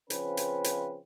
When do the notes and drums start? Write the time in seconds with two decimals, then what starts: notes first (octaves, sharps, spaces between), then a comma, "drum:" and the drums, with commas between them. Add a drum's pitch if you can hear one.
0.10 C#3 F3 C4 C#4 B4, drum: hi-hat
0.37 drum: hi-hat
0.64 drum: hi-hat